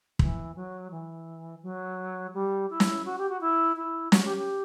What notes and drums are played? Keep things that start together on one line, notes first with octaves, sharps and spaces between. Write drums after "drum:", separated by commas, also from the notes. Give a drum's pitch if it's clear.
E3, drum: kick
F#3
E3
F#3
G3
E4
drum: snare
F#4
G4
F#4
E4
E4
F#4, drum: snare
G4
G4